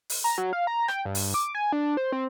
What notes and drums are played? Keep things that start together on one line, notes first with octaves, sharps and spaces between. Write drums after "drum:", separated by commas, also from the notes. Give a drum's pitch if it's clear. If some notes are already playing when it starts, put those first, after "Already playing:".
drum: open hi-hat
A#5
F#3
F5
A#5
G5, drum: rim click
G2
drum: open hi-hat
D6
G#5
D4
C5
C4